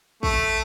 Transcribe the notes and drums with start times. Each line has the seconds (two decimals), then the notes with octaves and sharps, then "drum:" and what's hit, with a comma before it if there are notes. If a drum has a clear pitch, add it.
0.23 A3, drum: kick